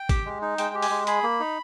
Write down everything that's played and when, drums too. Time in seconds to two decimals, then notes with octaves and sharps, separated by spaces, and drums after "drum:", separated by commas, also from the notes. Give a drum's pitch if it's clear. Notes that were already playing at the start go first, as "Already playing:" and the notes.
Already playing: G5
0.09 G4, drum: kick G#1, hi-hat
0.26 G#3
0.42 D#4
0.58 G#3 G5, drum: hi-hat
0.75 G4
0.82 G#5, drum: open hi-hat
0.90 G#3
1.07 G#4 B5, drum: hi-hat
1.23 A#3
1.40 D#4